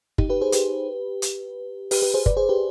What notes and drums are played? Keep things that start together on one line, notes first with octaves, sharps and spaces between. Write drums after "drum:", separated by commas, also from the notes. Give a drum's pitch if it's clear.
D#4 G4, drum: kick
G4 B4
G#4 C5
G4 B4, drum: hi-hat
drum: hi-hat
G4 B4, drum: open hi-hat
G4 B4
G#4 C5
B4 D5, drum: kick
G#4 C5
G4 B4